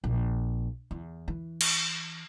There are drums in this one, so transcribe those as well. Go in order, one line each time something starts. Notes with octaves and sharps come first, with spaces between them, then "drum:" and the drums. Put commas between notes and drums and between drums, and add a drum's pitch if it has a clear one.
A#1
E2
E3
drum: cymbal